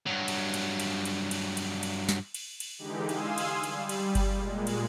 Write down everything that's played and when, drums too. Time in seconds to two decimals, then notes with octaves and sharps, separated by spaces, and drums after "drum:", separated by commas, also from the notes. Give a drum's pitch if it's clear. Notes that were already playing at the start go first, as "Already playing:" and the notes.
0.07 G2 F#3
0.28 drum: cymbal
0.54 drum: cymbal
0.80 drum: cymbal
1.05 drum: cymbal
1.31 drum: cymbal
1.57 drum: cymbal
1.83 drum: cymbal
2.09 drum: snare
2.34 drum: cymbal
2.60 drum: cymbal
2.79 D3 E3 G#3 D#4 G4
3.09 F5 G#5 C6 D#6 E6, drum: cymbal
3.38 drum: cymbal
3.64 G3, drum: cymbal
3.89 drum: cymbal
4.15 drum: kick G1, cymbal
4.35 A#2 G#3
4.67 drum: cymbal